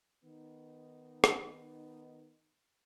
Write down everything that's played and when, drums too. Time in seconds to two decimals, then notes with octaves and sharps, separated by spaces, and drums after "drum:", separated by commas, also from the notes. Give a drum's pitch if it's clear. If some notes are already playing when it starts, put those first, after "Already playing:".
0.24 D#3 B3 D#4
1.24 drum: rim click